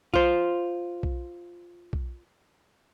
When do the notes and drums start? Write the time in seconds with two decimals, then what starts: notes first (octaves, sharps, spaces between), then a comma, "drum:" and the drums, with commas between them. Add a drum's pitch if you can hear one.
0.14 F4 C5, drum: kick B1
1.03 drum: kick B1
1.93 drum: kick B1